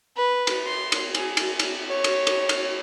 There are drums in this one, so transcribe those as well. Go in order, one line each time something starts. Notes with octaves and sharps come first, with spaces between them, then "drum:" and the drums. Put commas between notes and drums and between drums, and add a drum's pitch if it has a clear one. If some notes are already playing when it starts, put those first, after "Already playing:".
B4
drum: cymbal
C6
drum: cymbal
G#4, drum: cymbal
drum: cymbal
drum: cymbal
C#5
drum: cymbal
drum: cymbal
drum: cymbal